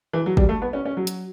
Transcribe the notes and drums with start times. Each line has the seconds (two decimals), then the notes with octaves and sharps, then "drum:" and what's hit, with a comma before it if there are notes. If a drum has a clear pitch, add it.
0.13 E3
0.26 F#3
0.37 G3, drum: kick
0.49 A3
0.62 B3
0.73 C#4
0.85 C#4
0.97 F#3
1.07 drum: hi-hat